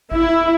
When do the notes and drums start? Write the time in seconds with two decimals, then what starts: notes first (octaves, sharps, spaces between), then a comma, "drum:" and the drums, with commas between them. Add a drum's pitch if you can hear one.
0.12 E4, drum: kick G#1